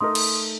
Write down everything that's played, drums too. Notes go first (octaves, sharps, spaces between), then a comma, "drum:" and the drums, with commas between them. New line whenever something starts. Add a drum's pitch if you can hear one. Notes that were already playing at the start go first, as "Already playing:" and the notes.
A3 D#4 A#4 C6 D#6
drum: cymbal